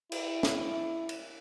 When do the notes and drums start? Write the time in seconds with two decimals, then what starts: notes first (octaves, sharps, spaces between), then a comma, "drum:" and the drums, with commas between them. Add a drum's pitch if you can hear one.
0.12 E4, drum: cymbal
0.43 drum: snare
1.09 drum: cymbal